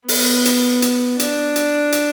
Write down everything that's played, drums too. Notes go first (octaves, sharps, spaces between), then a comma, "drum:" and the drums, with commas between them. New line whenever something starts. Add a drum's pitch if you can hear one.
B3, drum: open hi-hat
drum: hi-hat
drum: hi-hat
D4, drum: hi-hat
drum: hi-hat
drum: hi-hat